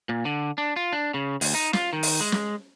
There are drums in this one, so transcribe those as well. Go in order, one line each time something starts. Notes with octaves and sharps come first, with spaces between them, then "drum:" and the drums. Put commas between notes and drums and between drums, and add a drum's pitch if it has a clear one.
A#2
D3
D4
F4
D4
C#3
D2, drum: open hi-hat
D#4
F4, drum: snare
D#3
drum: open hi-hat
G#3
drum: snare